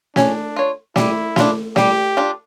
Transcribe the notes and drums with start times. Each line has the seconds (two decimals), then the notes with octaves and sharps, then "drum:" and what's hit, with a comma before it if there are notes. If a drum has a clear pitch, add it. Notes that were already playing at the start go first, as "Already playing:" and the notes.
0.16 C#4 D4, drum: snare
0.56 F4 C#5
0.96 G3 E4, drum: snare
1.36 D4 F4, drum: snare
1.76 G3 G4, drum: snare
2.17 D4 F4